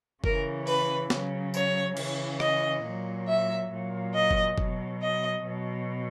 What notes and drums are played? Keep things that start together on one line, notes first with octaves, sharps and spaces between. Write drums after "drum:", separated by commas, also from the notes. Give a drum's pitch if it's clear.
C#3 E3 A#4, drum: kick F#1
B4, drum: open hi-hat
C#3 F#3, drum: snare
C#5, drum: tambourine
C#3 E3, drum: cymbal
D#5, drum: rim click
A#2 F#3
E5
A#2 F#3
D#5
drum: kick F#1
B2 F#3, drum: kick F#1
D#5
B2 F#3